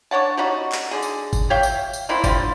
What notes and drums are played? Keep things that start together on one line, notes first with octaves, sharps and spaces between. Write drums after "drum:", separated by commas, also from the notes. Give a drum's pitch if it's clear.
D4 C#5 F#5 A5
G3 C#4 D#4 F#4
drum: clap
D3 G#4
drum: tambourine
drum: kick G1, tambourine
C#5 E5 F5 G5
drum: tambourine
drum: tambourine
A3 A#3 C4 E4
D3 G3 C4 F4, drum: kick G1, tambourine